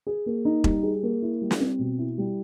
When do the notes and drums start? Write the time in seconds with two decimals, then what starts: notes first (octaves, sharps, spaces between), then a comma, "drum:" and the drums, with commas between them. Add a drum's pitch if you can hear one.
0.07 G#4
0.26 A#3
0.45 D#4
0.64 G3, drum: kick E1
0.83 G#4
1.03 A#3
1.22 E4
1.42 G3
1.51 drum: snare
1.60 C4
1.79 B2
1.99 E4
2.18 G3